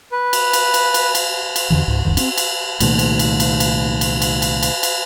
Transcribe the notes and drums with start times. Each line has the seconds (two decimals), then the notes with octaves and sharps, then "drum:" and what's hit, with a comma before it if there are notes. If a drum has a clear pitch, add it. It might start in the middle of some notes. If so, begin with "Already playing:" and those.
0.12 B4
0.33 drum: cymbal
0.53 drum: cymbal
0.74 drum: cymbal
0.94 drum: cymbal
1.15 drum: cymbal
1.56 drum: cymbal
1.70 E2 D3 E3
1.88 C#2 G#2
2.05 D#1 C#2 F#2 D#3
2.17 C4 C#4, drum: cymbal
2.38 drum: cymbal
2.80 C2 A#2 D#3 A3, drum: cymbal
2.99 drum: cymbal
3.19 drum: cymbal
3.40 drum: cymbal
3.60 drum: cymbal
4.01 drum: cymbal
4.22 drum: cymbal
4.42 drum: cymbal
4.63 drum: cymbal
4.83 drum: cymbal